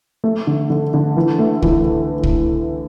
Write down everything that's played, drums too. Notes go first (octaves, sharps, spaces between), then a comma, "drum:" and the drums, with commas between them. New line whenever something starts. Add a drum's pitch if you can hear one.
A3
D3
D3
D3
E3
A3
E3, drum: kick
drum: kick